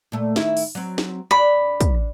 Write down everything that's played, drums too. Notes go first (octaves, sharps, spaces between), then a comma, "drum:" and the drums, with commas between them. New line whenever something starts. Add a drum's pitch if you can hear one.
A#2 A3
D#3 E4 E5, drum: snare
drum: open hi-hat
F#3 C4
drum: snare
D4 B5
drum: kick, hi-hat